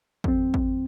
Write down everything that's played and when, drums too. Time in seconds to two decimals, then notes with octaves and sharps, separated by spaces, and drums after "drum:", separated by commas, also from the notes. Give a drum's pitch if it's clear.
0.24 F2 C4, drum: kick
0.54 drum: kick